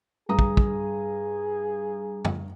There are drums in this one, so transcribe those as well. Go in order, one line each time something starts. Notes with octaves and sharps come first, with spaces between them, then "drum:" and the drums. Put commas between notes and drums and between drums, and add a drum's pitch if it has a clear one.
G2 G#4 A#5 D#6
drum: kick
drum: kick
drum: tom F#2